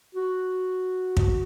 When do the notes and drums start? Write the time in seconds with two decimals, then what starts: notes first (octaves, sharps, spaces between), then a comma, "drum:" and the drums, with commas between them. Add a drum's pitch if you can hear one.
0.15 F#4
1.17 drum: kick